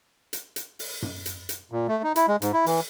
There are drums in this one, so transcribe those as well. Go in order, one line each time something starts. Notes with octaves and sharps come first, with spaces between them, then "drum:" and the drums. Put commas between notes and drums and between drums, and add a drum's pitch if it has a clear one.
drum: hi-hat
drum: hi-hat
drum: open hi-hat
drum: tom F#2
drum: hi-hat
drum: hi-hat
A#2
A3
D#4
E4, drum: hi-hat
G#3
G#2, drum: hi-hat
E4
E3, drum: open hi-hat